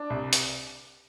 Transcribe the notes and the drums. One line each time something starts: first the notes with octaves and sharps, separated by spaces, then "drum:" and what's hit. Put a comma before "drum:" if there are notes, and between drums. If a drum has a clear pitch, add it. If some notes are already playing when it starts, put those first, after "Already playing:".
Already playing: D4
C2
drum: hi-hat